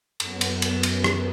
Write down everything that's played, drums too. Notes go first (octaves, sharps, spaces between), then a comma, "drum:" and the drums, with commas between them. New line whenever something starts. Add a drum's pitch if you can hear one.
F#2 B3, drum: cymbal
drum: cymbal
drum: cymbal
drum: cymbal
drum: rim click